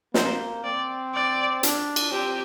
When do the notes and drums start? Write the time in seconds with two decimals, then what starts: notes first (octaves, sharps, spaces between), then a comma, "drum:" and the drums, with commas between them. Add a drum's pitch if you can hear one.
0.14 A#3 C5, drum: snare
0.64 C4 D5
1.14 D5
1.63 D4, drum: hi-hat
1.96 drum: cymbal
2.12 C4 G4